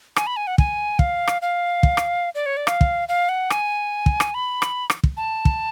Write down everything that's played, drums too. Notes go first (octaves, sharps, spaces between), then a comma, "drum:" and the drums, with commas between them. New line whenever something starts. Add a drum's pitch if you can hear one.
G#5, drum: rim click
B5
G#5
F#5
G#5, drum: kick
F5, drum: kick
drum: rim click
F5
drum: kick
drum: rim click
D5
C#5
D5
F5, drum: rim click
drum: kick
F5
F#5
G#5, drum: rim click
drum: kick
drum: rim click
B5
drum: rim click
drum: rim click
drum: kick
A5
drum: kick